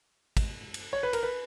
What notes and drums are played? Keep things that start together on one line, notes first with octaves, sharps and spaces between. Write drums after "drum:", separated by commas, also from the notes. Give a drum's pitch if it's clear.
drum: kick, cymbal
drum: cymbal
C#5
B4
A#4, drum: cymbal
B4